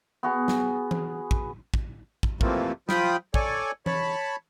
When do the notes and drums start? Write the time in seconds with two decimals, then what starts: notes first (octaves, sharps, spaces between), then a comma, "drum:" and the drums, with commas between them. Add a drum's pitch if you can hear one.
0.23 B3 F#4 G#4
0.48 drum: snare
0.91 drum: tom E3
1.31 drum: kick
1.74 drum: kick
2.23 drum: kick
2.41 F2 C3 E3 F3 A3 A#3, drum: kick
2.89 F3 F4 G5 B5 D#6, drum: snare
3.34 A4 C#5 D5 G#5, drum: kick
3.86 C#5 A5 B5, drum: tom E3